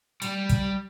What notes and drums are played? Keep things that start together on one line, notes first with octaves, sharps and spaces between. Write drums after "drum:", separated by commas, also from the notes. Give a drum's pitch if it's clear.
G3, drum: hi-hat
drum: kick, hi-hat